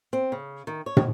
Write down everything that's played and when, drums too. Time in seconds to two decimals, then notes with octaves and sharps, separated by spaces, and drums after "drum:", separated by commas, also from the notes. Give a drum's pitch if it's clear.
0.13 C4
0.32 C#3
0.67 D#3
0.86 C#5
0.97 drum: tom